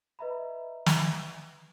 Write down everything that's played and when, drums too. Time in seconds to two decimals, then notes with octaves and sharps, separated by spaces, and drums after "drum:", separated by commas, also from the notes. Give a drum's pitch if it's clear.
0.19 B4 D#5 E5 A#5 B5
0.86 drum: snare